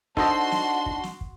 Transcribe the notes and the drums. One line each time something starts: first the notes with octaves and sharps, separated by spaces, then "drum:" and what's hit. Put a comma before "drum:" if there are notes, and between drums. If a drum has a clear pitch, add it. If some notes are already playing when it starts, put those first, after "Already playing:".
D4 D#4 F#4 A4 C5 D#5 A5 C6, drum: kick
drum: snare
drum: kick
drum: snare
drum: kick